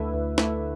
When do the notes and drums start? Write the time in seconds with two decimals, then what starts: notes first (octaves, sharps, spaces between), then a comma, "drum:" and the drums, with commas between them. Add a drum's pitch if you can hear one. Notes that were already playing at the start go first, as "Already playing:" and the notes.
Already playing: D2 D3 A3 E4 B4 E5
0.13 D2
0.38 D3 A3 E4, drum: snare